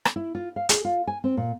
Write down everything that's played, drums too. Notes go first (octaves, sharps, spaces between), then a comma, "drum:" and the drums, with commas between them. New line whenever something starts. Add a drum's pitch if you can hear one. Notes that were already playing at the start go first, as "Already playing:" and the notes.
drum: rim click
E4
F4
F5
G#4, drum: hi-hat
F4
G#5
C4
A#2